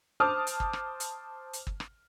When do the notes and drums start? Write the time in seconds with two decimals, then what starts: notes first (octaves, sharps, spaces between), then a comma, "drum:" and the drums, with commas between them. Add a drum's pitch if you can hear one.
0.20 C5 A5 D6 D#6 F6
0.47 drum: hi-hat
0.60 drum: kick
0.73 drum: rim click
1.00 drum: hi-hat
1.53 drum: hi-hat
1.67 drum: kick
1.80 drum: rim click